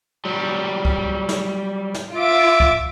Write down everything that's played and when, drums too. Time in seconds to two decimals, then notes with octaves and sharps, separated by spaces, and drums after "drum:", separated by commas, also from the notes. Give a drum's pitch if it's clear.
0.25 F#3 G3
0.85 drum: kick C#2
1.29 drum: snare
1.94 drum: snare
2.16 F4 E5 D6 D7
2.60 drum: kick C#2